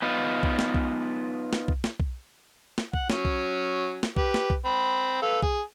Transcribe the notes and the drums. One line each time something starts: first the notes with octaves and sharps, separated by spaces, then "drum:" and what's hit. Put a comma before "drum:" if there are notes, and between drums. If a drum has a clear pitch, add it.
B3 D#4 F4
drum: kick B1
drum: snare
drum: kick B1
drum: snare
drum: kick B1
drum: snare
drum: kick B1
drum: snare
F#5, drum: kick B1
F#3 C#4, drum: snare
drum: kick B1
drum: snare
G4 B4, drum: kick B1
drum: snare
drum: kick B1
C4 B5
A4 B4 F5
G#4, drum: kick B1